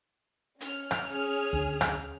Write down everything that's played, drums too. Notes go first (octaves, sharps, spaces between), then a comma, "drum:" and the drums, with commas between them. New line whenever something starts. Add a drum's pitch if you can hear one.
C#4 F6, drum: hi-hat
drum: rim click
G#4
D2
drum: rim click